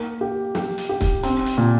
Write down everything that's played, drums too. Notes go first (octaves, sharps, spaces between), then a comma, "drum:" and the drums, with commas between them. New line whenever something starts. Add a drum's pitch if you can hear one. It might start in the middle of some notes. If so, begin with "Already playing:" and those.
Already playing: A#3
G4
G4, drum: snare
drum: hi-hat
G4
drum: kick, hi-hat
C4, drum: hi-hat
drum: hi-hat
A#2